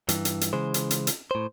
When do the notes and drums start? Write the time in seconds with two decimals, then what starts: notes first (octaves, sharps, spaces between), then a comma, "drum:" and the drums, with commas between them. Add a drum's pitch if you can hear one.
0.09 G2 E3, drum: hi-hat
0.25 drum: hi-hat
0.41 drum: hi-hat
0.53 C#3 E3 G#3 C5
0.74 drum: hi-hat
0.91 drum: hi-hat
1.07 drum: hi-hat
1.31 A2 C5